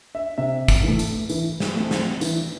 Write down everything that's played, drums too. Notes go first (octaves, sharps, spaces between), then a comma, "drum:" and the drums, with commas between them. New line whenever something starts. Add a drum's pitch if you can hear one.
E5
C3 E5
drum: kick, tambourine
E3 A3
drum: tambourine
E3, drum: tambourine
drum: snare
A3 C4
drum: snare
E3, drum: tambourine